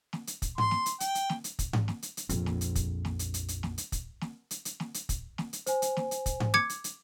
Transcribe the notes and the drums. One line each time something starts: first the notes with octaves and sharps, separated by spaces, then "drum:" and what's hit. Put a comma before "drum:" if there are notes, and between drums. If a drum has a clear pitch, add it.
drum: snare
drum: hi-hat
drum: kick, hi-hat
C6, drum: tom G#2
drum: snare
drum: hi-hat
G5, drum: hi-hat
drum: hi-hat
drum: snare
drum: hi-hat
drum: kick, hi-hat
drum: tom G#2
drum: snare
drum: hi-hat
drum: hi-hat
A#1 F2, drum: hi-hat
drum: snare
drum: hi-hat
drum: kick, hi-hat
drum: snare
drum: hi-hat
drum: hi-hat
drum: hi-hat
drum: snare
drum: hi-hat
drum: kick, hi-hat
drum: snare
drum: hi-hat
drum: hi-hat
drum: snare
drum: hi-hat
drum: kick, hi-hat
drum: snare
drum: hi-hat
C5 G#5, drum: hi-hat
drum: hi-hat
drum: snare
drum: hi-hat
drum: kick, hi-hat
drum: tom G#2
D6 G#6 C#7, drum: snare
drum: hi-hat
drum: hi-hat